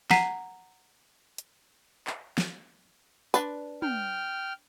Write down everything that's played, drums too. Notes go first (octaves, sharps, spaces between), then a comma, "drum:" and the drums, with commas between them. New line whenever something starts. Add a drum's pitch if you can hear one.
F#5 A#5 B6 C7 D#7, drum: snare
drum: hi-hat
drum: clap
drum: snare
D4 B4, drum: tambourine
G5 F6, drum: tom